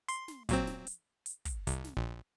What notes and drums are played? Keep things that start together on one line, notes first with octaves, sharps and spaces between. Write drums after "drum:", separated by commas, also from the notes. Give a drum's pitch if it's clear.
C6, drum: hi-hat
drum: snare
A#2 F#3 C4, drum: kick, hi-hat
drum: snare
drum: hi-hat
drum: hi-hat
drum: kick, hi-hat
C2, drum: hi-hat
drum: snare
A#1